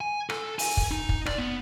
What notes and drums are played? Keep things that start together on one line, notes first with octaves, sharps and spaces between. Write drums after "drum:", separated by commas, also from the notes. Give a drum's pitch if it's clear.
G#5
A4, drum: rim click
G#5, drum: open hi-hat
drum: kick
D#4
drum: kick
D5, drum: rim click
B3